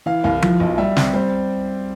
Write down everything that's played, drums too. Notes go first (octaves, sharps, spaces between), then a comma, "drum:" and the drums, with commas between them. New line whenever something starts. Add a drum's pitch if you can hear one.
E3 F5
C2 F5
F3, drum: tom F3
B1
G3 E5
C4, drum: snare
G3 C5